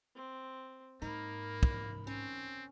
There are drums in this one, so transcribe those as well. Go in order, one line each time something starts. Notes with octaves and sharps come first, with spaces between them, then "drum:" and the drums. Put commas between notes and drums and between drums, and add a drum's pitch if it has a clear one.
C4
G#2 A#3 D#4 A#4 B5
drum: kick
C4 C#4